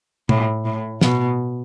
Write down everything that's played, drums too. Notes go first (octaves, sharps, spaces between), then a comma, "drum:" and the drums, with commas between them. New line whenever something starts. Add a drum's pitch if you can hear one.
A2, drum: tom
A2
B2, drum: snare